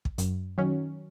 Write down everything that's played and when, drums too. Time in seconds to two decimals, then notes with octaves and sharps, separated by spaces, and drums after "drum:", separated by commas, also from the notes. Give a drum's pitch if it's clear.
0.05 drum: kick
0.18 F#2, drum: hi-hat
0.58 D#3 F#3 C#4